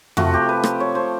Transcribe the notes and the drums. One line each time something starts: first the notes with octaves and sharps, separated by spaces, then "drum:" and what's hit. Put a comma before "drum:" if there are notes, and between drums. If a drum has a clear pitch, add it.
C3 F3 A3 F#4, drum: tom F2
G4
B4
C5, drum: rim click
C#5
C5